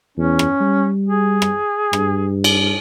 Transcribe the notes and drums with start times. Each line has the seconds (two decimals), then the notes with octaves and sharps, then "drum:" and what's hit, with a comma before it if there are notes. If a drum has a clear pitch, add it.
0.17 E2 C#4
0.39 drum: rim click
0.60 G3
1.06 G#4
1.42 drum: rim click
1.93 G2, drum: rim click
2.44 drum: cymbal